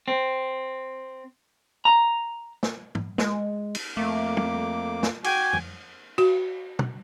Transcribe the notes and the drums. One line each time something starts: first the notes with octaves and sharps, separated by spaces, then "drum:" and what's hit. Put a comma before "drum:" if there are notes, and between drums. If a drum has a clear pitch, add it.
C4
A#5
drum: snare
drum: tom
G#3, drum: snare
drum: cymbal
F2 A3 A#3 D6
drum: tom
drum: snare
F#4 G5 G#5 D6, drum: cymbal
drum: tom
F#4, drum: cymbal
drum: tom